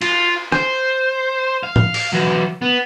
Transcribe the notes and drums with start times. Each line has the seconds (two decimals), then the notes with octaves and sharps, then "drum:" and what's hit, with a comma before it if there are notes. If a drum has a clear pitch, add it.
0.02 F4, drum: cymbal
0.52 C5, drum: rim click
1.63 F5
1.76 drum: tom A2
1.94 drum: open hi-hat
2.13 E3 F#3
2.62 B3